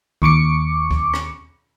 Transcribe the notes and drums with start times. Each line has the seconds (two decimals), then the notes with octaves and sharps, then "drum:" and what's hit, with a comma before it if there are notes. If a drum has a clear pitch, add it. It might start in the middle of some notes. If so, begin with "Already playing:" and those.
0.22 D#2 C#6 D6 C#7, drum: kick D2
0.91 drum: kick D2
1.14 drum: rim click